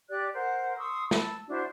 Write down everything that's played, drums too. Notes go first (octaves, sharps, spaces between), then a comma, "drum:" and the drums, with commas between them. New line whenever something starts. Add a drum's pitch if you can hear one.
G4 D5 F#6
A#4 C5 F#5
C6 C#6 D#6 E6
A5 B5 E6, drum: snare
D4 E4 F#4 C5